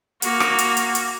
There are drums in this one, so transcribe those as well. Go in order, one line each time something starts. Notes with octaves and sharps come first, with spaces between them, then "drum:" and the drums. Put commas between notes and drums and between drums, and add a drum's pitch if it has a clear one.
A#3 F#4, drum: hi-hat
drum: rim click
drum: hi-hat
drum: hi-hat
drum: hi-hat